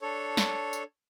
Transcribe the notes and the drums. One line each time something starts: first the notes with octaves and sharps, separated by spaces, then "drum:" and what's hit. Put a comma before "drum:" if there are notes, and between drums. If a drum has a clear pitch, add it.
D4 A4 C#5
drum: snare
drum: tambourine